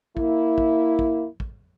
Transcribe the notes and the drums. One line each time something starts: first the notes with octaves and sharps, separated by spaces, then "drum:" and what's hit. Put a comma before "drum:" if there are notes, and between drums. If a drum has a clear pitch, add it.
A#3 E4, drum: kick A1
drum: kick A1
drum: kick A1
drum: kick A1